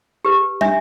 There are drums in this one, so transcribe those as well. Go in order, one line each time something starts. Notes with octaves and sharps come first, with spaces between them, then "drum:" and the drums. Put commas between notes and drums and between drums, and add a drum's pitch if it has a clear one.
G4 B4
D4 E5, drum: tom